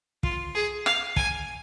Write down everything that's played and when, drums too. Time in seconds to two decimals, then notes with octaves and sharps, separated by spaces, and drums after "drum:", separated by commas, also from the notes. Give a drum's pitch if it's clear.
0.23 F4, drum: kick
0.55 G#4
0.86 F5, drum: rim click
1.16 G#5, drum: kick